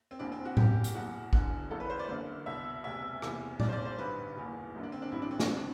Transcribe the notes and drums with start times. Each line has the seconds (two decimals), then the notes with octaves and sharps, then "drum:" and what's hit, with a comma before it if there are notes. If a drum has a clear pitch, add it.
0.11 C4
0.19 F#1 E2 B2 D4
0.32 C4
0.45 F#4
0.57 F#1 E2 B2 G4, drum: tom A2
0.84 drum: hi-hat
0.95 F#1 E2 B2 F#4
1.33 E1 E2 D3 F#4, drum: kick
1.70 G1 F#2 E3 A4
1.80 B4
1.90 C5
1.99 D5
2.09 F#1 F#2 D3
2.46 C2 B2 E5
2.84 E1 D2 C3 E5
3.22 F#1 E2 C3 E3, drum: rim click
3.60 B1 B2 D5, drum: tom A#2
3.69 C5
3.72 D5
3.85 C5
3.98 A1 G2 D3 B4
4.36 F#1 E2 B2
4.74 F#1 F#2 D3
4.83 D4
4.92 C4
5.02 D4
5.11 A1 G2 E3 E4
5.22 D4
5.31 C4
5.40 D4, drum: snare
5.48 B2 C4
5.57 D4